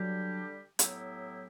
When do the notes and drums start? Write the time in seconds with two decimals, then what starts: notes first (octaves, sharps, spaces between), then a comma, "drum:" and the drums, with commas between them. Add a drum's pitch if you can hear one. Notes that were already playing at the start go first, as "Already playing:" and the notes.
Already playing: D3 F#3 G3 D4 G4
0.79 A2 F#3 B3 E4 G4, drum: hi-hat